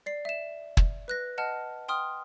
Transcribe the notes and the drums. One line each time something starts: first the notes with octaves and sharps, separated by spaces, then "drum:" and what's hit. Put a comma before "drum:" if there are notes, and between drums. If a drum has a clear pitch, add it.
D5 C7
E5 E7
drum: kick
B4 F#6 A#6
D#5 F#5 A5 F6
G5 C6 D#6 F6